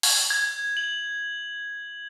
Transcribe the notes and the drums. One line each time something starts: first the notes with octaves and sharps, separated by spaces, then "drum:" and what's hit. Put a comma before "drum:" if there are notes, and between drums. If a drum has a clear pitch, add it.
G#6, drum: open hi-hat
G#6
F#7